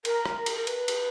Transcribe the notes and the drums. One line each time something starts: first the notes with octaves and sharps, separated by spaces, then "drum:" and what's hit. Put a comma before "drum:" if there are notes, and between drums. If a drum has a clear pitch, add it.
A#4, drum: cymbal
drum: rim click
drum: cymbal
A#4
B4, drum: cymbal
drum: cymbal